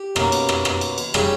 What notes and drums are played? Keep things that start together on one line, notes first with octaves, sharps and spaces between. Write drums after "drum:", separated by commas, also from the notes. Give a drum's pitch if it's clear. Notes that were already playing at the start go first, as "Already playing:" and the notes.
Already playing: G4
B2 A#3 C#4, drum: rim click
drum: cymbal
drum: rim click
drum: rim click
drum: cymbal
drum: cymbal
C#3 G3 G#4 G#5, drum: rim click